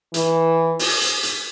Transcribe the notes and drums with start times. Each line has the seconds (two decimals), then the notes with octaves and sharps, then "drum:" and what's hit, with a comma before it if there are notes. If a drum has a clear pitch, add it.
0.14 E3, drum: hi-hat
0.79 drum: open hi-hat
1.01 drum: hi-hat
1.23 drum: hi-hat